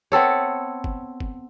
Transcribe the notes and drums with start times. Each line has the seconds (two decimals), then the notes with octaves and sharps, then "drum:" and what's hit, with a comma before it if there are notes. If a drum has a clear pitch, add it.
0.12 B3 C4 A4 C#5
0.84 drum: kick
1.20 drum: kick